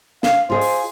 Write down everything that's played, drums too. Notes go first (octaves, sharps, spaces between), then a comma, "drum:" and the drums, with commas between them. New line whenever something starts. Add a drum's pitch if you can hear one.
F5, drum: snare
F4 G#4 C5 D#5
drum: open hi-hat